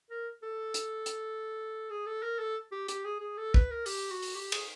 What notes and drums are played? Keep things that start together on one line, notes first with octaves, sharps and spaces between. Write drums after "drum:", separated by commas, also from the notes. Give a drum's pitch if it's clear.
A#4
A4
drum: hi-hat
drum: hi-hat
G#4
A4
A#4
A4
G4
G4, drum: hi-hat
G#4
G#4
A4
B4, drum: kick
A#4
G4, drum: open hi-hat
F#4
drum: open hi-hat
G4
G#4, drum: cymbal